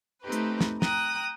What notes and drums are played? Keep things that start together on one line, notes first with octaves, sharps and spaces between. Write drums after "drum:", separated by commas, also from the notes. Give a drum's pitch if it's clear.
A3 C4 D#4 G4 B4
drum: hi-hat
drum: snare
G5 A#5 D#6 F#6, drum: snare